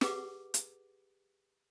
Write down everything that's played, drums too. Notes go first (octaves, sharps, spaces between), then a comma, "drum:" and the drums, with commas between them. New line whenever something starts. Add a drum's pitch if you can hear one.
G4 G#4 B4 F#5 D6, drum: snare
drum: hi-hat